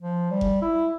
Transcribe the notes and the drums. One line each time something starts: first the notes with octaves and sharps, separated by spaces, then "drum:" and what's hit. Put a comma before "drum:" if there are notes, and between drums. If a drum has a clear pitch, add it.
F3
G3
drum: kick F1
E4